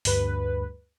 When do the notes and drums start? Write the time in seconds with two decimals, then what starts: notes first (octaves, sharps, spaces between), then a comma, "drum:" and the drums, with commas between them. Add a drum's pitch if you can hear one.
0.05 D2 G2 B4, drum: open hi-hat